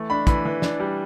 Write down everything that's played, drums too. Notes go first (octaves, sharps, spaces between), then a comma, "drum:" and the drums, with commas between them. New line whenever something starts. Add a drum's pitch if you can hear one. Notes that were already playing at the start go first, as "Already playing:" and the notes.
Already playing: E3 A3
D4 B5
E3 B5, drum: kick, hi-hat
E3
D4, drum: snare
G3